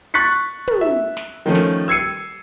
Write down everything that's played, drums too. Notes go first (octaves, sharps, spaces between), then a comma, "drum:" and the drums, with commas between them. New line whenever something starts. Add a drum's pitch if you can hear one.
C#6 F#6 A6 B6 C#7
drum: tom
E5
drum: snare
D#3 F3 A3 C#4
drum: snare
E6 G#6 C7 C#7 D#7